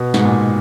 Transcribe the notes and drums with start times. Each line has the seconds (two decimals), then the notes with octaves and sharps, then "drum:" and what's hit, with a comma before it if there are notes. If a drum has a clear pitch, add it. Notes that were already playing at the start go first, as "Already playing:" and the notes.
Already playing: B2
0.14 G#2, drum: snare
0.25 A#2